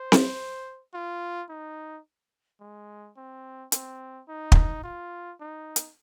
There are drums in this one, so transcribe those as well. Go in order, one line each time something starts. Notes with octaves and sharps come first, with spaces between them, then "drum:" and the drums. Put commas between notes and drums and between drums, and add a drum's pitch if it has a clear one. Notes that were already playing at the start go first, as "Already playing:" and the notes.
Already playing: C5
drum: snare C4
F4
D#4
G#3
C4
C4, drum: hi-hat
D#4
drum: kick
F4
D#4
drum: hi-hat